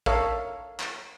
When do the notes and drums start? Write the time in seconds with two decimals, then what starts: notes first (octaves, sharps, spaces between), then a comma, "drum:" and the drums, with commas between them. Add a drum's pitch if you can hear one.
0.06 A4 A#4 C#5 E5 F5, drum: kick
0.80 drum: clap